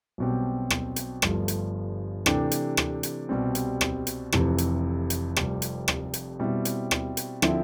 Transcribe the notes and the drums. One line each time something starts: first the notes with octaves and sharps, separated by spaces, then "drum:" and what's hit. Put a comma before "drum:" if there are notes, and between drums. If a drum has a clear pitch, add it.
B1 B2 G3 C4 G4
drum: rim click
drum: hi-hat
G1 G2 F3 A3, drum: rim click
drum: hi-hat
C3 E3 A3 D4 G4, drum: rim click
drum: hi-hat
drum: rim click
drum: hi-hat
C2 B2 G3 C4
drum: hi-hat
drum: rim click
drum: hi-hat
F1 F2 C3 E3, drum: rim click
drum: hi-hat
drum: hi-hat
F1 F2 C3 G3, drum: rim click
drum: hi-hat
drum: rim click
drum: hi-hat
B2 G3 C4 E4
drum: hi-hat
drum: rim click
drum: hi-hat
D3 F3 C4 E4, drum: rim click